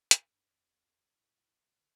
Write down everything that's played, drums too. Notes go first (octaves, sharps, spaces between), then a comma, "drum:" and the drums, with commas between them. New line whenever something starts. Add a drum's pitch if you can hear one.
G2, drum: hi-hat
G2
F2
A2
A#2
D3